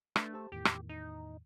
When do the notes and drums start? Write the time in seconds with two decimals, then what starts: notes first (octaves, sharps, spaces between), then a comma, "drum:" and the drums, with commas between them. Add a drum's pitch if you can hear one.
0.16 A3 D4 B4, drum: rim click
0.33 G4 C5 A5
0.52 E2 A2 D#3 G4
0.65 drum: rim click
0.89 D#4